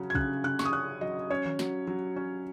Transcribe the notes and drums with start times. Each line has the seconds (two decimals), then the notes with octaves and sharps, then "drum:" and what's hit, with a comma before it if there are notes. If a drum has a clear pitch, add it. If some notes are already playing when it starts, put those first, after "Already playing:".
Already playing: C#3 F#3 C#4
0.10 G#6
0.15 C#3 F#6, drum: kick
0.44 C#3 F#6
0.59 C#6, drum: snare
0.65 D#6
0.72 C#4 F#6
1.01 F#3 D#5
1.30 C#4 C#5
1.46 drum: tom D#3
1.59 F#3, drum: snare
1.87 F#3
2.16 C#4